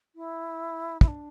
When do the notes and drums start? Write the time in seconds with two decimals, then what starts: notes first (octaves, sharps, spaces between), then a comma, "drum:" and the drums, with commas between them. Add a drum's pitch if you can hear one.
0.15 E4
1.01 E4, drum: kick
1.07 D4